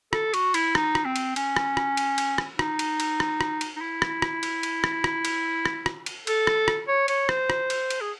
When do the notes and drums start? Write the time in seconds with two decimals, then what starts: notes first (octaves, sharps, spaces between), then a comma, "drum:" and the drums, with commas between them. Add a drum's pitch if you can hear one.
0.13 A4, drum: rim click
0.34 F#4, drum: cymbal
0.54 E4, drum: cymbal
0.75 D#4, drum: rim click
0.95 drum: rim click
1.05 C4
1.16 drum: cymbal
1.36 C#4, drum: cymbal
1.56 drum: rim click
1.77 drum: rim click
1.97 drum: cymbal
2.18 drum: cymbal
2.38 drum: rim click
2.59 D#4, drum: rim click
2.79 drum: cymbal
3.00 drum: cymbal
3.20 drum: rim click
3.41 drum: rim click
3.61 drum: cymbal
3.76 D#4
3.81 E4
4.02 drum: rim click
4.22 drum: rim click
4.43 drum: cymbal
4.63 drum: cymbal
4.84 drum: rim click
5.04 drum: rim click
5.25 drum: cymbal
5.66 drum: rim click
5.86 drum: rim click
6.06 drum: cymbal
6.27 A4, drum: cymbal
6.47 drum: rim click
6.68 drum: rim click
6.88 C#5
7.08 C#5, drum: cymbal
7.29 C5, drum: rim click
7.50 drum: rim click
7.70 drum: cymbal
7.90 drum: cymbal
8.01 G#4